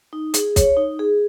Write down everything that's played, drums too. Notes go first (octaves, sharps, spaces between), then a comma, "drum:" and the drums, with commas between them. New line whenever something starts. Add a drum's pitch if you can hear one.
D#4
G#4, drum: hi-hat
C#5, drum: kick, hi-hat
D#4
G#4